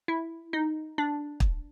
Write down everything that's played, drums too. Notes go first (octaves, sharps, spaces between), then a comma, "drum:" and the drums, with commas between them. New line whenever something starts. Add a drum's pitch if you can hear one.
E4
D#4
D4
drum: kick